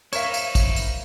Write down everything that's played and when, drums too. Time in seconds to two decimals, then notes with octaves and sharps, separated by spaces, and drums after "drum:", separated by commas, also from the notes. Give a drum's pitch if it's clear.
0.13 D#4 E4 A#4 C5 C#5 E5 F5, drum: tambourine
0.34 drum: tambourine
0.55 drum: kick, tambourine
0.76 drum: tambourine